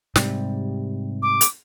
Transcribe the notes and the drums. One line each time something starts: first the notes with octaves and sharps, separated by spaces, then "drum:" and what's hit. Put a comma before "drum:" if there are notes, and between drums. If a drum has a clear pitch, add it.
G#2 C3 G3, drum: snare
D6
drum: hi-hat